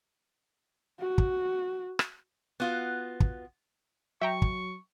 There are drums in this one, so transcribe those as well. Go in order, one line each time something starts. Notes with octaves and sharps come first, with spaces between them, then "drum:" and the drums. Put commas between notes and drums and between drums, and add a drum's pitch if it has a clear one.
F#4
drum: kick
drum: rim click
B3 F4 F#4
drum: kick
F#3 E5 G5 A#5 C#6
drum: kick